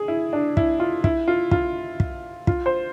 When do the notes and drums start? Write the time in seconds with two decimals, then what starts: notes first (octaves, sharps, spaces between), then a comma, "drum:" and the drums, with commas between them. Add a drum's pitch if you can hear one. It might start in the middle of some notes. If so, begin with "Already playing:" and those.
Already playing: G#4
0.08 E4
0.33 D4
0.57 E4, drum: kick
0.80 F4
1.04 E4, drum: kick
1.28 F4
1.51 F4, drum: kick
2.00 drum: kick
2.47 F4, drum: kick
2.66 C5